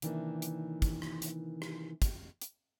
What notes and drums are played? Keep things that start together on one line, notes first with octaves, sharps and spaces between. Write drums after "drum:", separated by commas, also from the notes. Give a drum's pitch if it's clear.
C3 D#3 E3 A#3 D4, drum: hi-hat
drum: hi-hat
drum: kick, hi-hat
drum: rim click
drum: hi-hat
drum: rim click
drum: kick, hi-hat
drum: hi-hat